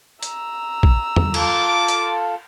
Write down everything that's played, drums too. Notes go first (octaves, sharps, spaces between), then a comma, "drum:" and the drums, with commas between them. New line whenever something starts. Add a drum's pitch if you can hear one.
A#5 E6, drum: hi-hat
drum: kick
drum: tom
F4 A4 A#4 A5 D6, drum: cymbal
drum: hi-hat